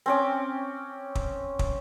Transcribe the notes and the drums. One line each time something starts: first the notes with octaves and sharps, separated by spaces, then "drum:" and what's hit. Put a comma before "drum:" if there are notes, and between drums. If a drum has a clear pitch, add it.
C4 C#4 D6
drum: kick
drum: kick